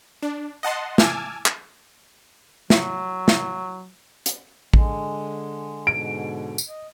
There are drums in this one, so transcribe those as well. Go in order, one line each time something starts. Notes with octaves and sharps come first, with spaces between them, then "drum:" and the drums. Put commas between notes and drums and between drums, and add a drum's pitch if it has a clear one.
D4
D#5 F#5 A5 C6
G#5 A5 D6 E6 F6 G#6, drum: snare
drum: clap
F#3, drum: snare
drum: snare
drum: hi-hat
D3 G#3, drum: kick
G#2 B2 D3 D7
drum: tambourine
D#5